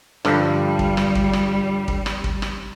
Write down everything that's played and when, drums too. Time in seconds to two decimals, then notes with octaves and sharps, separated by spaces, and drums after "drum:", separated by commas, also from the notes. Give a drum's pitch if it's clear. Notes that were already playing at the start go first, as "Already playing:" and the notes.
0.25 G2 D3 F3 G3, drum: rim click
0.79 drum: kick
0.97 drum: rim click
1.15 drum: kick
1.33 drum: rim click
1.88 drum: kick
2.06 drum: rim click
2.24 drum: kick
2.42 drum: rim click